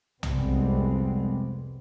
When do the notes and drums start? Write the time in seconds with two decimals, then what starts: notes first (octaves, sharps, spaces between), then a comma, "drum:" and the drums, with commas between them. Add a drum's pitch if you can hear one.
0.23 C2 F2 G3 G#3 B3 C4, drum: tom B1